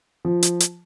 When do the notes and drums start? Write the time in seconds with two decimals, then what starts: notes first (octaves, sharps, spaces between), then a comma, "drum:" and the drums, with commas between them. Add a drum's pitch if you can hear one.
0.25 F3
0.43 drum: hi-hat
0.60 drum: hi-hat